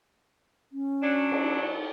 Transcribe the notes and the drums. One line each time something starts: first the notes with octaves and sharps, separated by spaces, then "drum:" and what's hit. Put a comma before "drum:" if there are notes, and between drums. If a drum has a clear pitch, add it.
C#4
F#3 D4
drum: cymbal